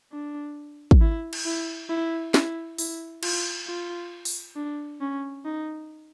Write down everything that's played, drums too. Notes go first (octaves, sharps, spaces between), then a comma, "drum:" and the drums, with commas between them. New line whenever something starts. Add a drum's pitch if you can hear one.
D4
drum: kick
E4
drum: cymbal
E4
E4
E4, drum: snare
E4, drum: open hi-hat
F4, drum: cymbal
F4
drum: open hi-hat
D4
C#4
D#4